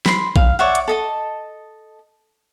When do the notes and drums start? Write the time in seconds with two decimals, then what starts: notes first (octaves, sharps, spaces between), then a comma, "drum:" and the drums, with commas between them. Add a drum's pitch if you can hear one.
0.06 B5 C6, drum: snare
0.36 F5, drum: kick A#1
0.59 C#5 D5 E5 F#5
0.75 drum: hi-hat
0.88 A4 D#5 A5